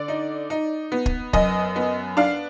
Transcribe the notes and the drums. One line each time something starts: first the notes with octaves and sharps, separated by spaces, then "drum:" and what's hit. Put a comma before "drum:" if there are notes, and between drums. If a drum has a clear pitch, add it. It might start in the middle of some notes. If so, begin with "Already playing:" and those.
Already playing: D3 D5
D#4
D#4
B3
drum: kick
F#2 D#5, drum: kick
B3
D4 F5